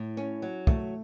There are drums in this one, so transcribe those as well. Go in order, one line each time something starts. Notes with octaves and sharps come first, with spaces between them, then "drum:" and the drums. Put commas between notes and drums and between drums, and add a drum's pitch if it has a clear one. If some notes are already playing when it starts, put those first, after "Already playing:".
Already playing: A2
C#4
F#3
A3, drum: kick